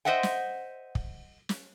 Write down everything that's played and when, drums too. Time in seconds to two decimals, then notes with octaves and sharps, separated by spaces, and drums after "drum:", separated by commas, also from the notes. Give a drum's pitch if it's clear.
0.05 C5 D#5 E5 F#5 G5
0.23 drum: snare
0.95 drum: kick
1.49 drum: snare